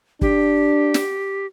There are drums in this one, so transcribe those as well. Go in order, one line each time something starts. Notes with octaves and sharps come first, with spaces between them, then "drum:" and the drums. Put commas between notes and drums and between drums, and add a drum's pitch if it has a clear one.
D4 G4, drum: kick F#1
drum: snare